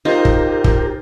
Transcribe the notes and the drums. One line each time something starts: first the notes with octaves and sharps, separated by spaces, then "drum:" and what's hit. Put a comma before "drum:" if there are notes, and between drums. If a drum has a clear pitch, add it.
D#4 F4 G4 A#4 C5
drum: kick
drum: kick